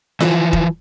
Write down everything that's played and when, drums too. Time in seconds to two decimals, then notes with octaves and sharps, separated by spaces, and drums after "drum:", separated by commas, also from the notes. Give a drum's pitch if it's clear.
0.20 E3 F3, drum: snare F4
0.53 drum: kick E1